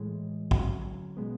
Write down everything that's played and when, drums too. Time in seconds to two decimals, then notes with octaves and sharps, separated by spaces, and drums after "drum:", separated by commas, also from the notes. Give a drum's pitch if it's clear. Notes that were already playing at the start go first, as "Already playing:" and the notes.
Already playing: A2 E3 G#3
0.51 D3 F#3 C#4, drum: kick
1.17 B2 G#3 B3